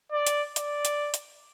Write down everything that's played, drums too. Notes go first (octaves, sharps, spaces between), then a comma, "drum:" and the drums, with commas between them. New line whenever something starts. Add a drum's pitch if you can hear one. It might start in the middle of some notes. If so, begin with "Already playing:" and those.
D5
drum: hi-hat
D5, drum: hi-hat
drum: hi-hat
drum: hi-hat